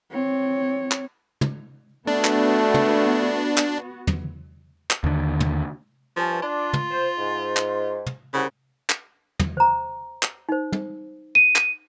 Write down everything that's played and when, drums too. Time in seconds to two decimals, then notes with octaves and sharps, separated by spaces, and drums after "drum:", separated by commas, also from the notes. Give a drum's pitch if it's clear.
0.11 C4 C#5
0.91 drum: clap
1.41 drum: tom
2.07 A3 B3 D4 F#4
2.24 drum: clap
2.74 drum: tom
3.57 drum: clap
4.07 drum: tom
4.90 drum: clap
5.04 D#2 D3
5.40 drum: tom
6.16 G2 F3 C#4 A5
6.42 D4 F4 D5
6.73 drum: tom
6.90 C5
7.17 G#2
7.57 drum: clap
8.06 drum: tom
8.33 C2 C#3 F#5 B5
8.90 drum: clap
9.39 drum: tom
9.57 C5 A#5
10.23 drum: clap
10.49 D#4 C5
10.73 drum: tom
11.35 D#7
11.56 drum: clap